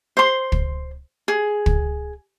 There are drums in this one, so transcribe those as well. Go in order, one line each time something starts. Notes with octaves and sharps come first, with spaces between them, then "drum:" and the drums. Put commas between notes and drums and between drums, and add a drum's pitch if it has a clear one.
C5 C6
drum: kick
G#4
drum: kick